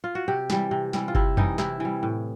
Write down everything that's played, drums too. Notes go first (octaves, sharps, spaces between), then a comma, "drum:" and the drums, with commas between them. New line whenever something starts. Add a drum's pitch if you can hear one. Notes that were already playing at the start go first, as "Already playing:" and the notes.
F4
F#4
C3 G4
E3 G3, drum: snare
C3
E3 G3, drum: snare
F4
C3 E4, drum: kick G1
E3 G3 D#4, drum: tom F2
C3 E4, drum: snare
E3 G3
A2